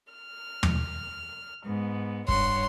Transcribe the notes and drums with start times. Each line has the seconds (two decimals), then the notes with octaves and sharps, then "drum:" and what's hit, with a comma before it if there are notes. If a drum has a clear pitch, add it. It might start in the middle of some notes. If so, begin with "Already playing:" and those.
0.12 F6
0.63 drum: tom
1.63 G#2 B3
2.28 G2 C#5 F#5 C6, drum: kick